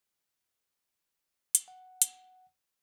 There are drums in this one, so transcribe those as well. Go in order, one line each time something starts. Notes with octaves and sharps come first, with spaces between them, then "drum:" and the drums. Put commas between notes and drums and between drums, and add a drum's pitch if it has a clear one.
drum: hi-hat
F#5
drum: hi-hat